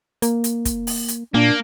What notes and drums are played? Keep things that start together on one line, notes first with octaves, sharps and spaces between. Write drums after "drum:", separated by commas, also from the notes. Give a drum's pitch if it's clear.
A#3, drum: hi-hat
drum: hi-hat
drum: kick, hi-hat
drum: open hi-hat
drum: hi-hat
A#2 A#3 D4